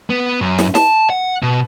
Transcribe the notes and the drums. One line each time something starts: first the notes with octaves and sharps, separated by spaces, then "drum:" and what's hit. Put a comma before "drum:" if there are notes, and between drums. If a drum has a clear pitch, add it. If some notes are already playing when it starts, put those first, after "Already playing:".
B3
F#2
drum: snare
A5, drum: snare
F#5
B2